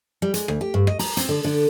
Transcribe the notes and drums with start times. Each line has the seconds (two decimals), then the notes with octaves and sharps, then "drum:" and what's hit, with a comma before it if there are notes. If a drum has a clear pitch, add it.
0.22 G3
0.34 G#3, drum: hi-hat
0.48 D2, drum: rim click
0.61 G4
0.74 G2
0.87 D#5, drum: rim click
0.99 A#5, drum: open hi-hat
1.17 C4, drum: hi-hat
1.29 D3
1.44 D3